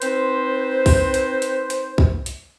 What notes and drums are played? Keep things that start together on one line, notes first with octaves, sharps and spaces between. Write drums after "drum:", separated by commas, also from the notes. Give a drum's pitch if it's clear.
C4 D#4 B4 C5, drum: hi-hat
drum: kick, open hi-hat
drum: hi-hat
drum: hi-hat
drum: hi-hat
drum: kick
drum: hi-hat